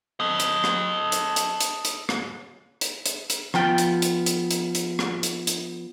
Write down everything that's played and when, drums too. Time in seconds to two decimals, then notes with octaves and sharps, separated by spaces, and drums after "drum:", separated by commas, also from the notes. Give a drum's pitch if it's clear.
0.20 A4 D#5
0.40 drum: hi-hat
0.64 drum: rim click
1.12 drum: hi-hat
1.36 drum: hi-hat
1.61 drum: hi-hat
1.85 drum: hi-hat
2.09 drum: rim click
2.81 drum: hi-hat
3.06 drum: hi-hat
3.30 drum: hi-hat
3.54 F3 B3 F4 G5, drum: rim click
3.78 drum: hi-hat
4.02 drum: hi-hat
4.26 drum: hi-hat
4.51 drum: hi-hat
4.75 drum: hi-hat
4.99 drum: rim click
5.23 drum: hi-hat
5.47 drum: hi-hat